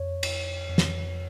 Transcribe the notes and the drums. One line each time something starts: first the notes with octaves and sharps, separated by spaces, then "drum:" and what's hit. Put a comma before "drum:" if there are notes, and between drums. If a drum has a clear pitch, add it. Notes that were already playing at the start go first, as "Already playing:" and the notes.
Already playing: F2 C#5
F2, drum: cymbal
F2
drum: snare